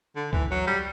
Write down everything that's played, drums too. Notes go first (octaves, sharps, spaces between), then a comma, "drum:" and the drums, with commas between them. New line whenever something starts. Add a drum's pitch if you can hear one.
D3
E3, drum: kick C#2
F#3
G3